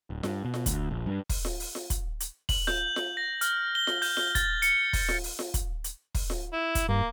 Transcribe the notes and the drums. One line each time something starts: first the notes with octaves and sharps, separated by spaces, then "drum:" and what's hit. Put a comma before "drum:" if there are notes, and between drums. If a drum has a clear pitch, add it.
D1
G2, drum: snare F4
B2
drum: snare F4
D2, drum: kick, hi-hat
A#1
G2
drum: kick, open hi-hat
drum: snare F4
drum: open hi-hat
drum: snare F4
drum: kick, hi-hat
drum: hi-hat
F#7, drum: kick, open hi-hat
G6, drum: snare F4
drum: snare F4
A#6
F6, drum: hi-hat
G7
drum: snare F4
G6, drum: open hi-hat
G7, drum: snare F4
A6, drum: kick, hi-hat
C#7, drum: hi-hat
drum: kick, open hi-hat
drum: snare F4
drum: open hi-hat
drum: snare F4
drum: kick, hi-hat
drum: hi-hat
drum: kick, open hi-hat
drum: snare F4
E4
drum: kick, hi-hat
G2 A#3